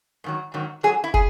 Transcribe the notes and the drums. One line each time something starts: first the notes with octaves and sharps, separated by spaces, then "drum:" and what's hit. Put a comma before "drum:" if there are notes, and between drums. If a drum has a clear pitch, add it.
G#2 D#3 F#3
G#2 D#3 F#3
G#2 F#3 G#4
E4
G#4, drum: kick